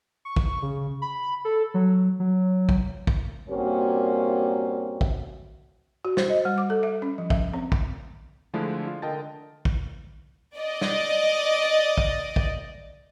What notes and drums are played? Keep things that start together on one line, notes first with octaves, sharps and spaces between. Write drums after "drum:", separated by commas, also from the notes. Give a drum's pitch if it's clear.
C#6
drum: kick
C#3
B5
A4
F#3
F#3
drum: kick
drum: kick
G2 A#2 A#3 C4 C#4 F#4
drum: kick
F#4
C5, drum: snare
D#5
G3
D6
A4
E5
C#4
F3
E5, drum: kick
C4
drum: kick
D3 F3 G#3 A3 D4 E4
F4
D3 A#4 D#5 G5 A5 A6
drum: kick
D5 D#5
drum: snare
drum: kick
drum: kick